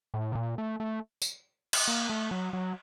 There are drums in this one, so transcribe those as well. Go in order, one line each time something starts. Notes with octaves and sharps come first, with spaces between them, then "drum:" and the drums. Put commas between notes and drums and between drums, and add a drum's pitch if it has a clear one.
A2
C3
A#2
A3
A3
drum: tambourine
drum: cymbal
A#3
A3
F#3
F#3